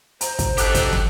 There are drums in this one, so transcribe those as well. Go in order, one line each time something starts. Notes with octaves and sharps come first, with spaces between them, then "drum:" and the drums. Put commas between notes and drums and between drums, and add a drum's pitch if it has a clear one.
C5 A#5, drum: hi-hat
drum: kick, hi-hat
D4 D#4 F#4 G4 A4 D6 F#6 B6, drum: hi-hat
drum: kick, hi-hat
drum: snare